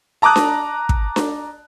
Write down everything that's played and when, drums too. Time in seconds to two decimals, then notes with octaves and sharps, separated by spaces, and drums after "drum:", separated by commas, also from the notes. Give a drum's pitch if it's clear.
0.22 A5 A#5 D6 D#6 F#6
0.36 drum: snare D4
0.89 drum: kick
1.16 drum: snare D4